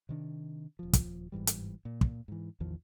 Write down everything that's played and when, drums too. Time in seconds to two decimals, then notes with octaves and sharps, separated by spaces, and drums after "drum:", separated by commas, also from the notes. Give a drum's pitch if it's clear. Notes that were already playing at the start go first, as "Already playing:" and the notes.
0.09 C3 D#3 D4
0.79 D#1 F3
0.93 drum: kick, hi-hat
1.32 G1 G#2 E3 G3
1.47 drum: hi-hat
1.85 A#2
2.01 drum: kick
2.28 G#2 E3
2.60 A1 E2 D#3 F3